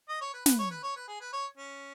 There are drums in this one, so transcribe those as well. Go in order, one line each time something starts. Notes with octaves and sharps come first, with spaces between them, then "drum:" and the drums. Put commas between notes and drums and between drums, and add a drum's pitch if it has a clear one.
D#5
C#5
B4
B4, drum: snare
C#5
B4
C#5
B4
G#4
B4
C#5
C#4